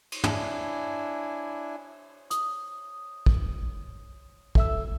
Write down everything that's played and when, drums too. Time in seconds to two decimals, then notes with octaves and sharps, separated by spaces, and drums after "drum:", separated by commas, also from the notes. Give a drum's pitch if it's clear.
0.12 drum: cymbal
0.24 D4 E4 G#5, drum: tom
2.30 D#6, drum: hi-hat
3.26 drum: kick
4.55 A4 E5 E6, drum: kick